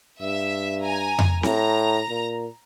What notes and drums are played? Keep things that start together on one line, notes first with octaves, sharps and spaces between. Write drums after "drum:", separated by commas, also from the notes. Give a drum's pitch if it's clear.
G2 E5
G#5 A#5
drum: tom F2
A2 A#5, drum: snare C4
A#2